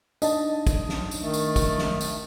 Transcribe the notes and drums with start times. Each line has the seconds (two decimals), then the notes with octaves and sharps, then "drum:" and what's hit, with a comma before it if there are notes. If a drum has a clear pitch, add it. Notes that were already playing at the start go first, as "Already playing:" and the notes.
0.22 D4 D#4 D#5 A5, drum: tambourine
0.67 drum: kick, tambourine
0.89 drum: snare
1.11 drum: tambourine
1.22 D#3 A3
1.34 drum: tambourine
1.56 drum: kick, tambourine
1.78 drum: snare
2.01 drum: tambourine